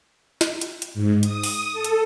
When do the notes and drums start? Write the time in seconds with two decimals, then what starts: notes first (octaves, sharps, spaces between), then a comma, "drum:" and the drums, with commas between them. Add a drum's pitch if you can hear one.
0.41 drum: snare
0.61 drum: hi-hat
0.82 drum: hi-hat
0.94 G#2
1.23 D#6, drum: hi-hat
1.43 drum: open hi-hat
1.73 A4
1.84 drum: hi-hat